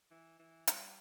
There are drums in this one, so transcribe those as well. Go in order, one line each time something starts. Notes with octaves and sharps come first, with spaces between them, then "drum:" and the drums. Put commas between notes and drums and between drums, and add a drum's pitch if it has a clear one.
E3
E3
G3, drum: hi-hat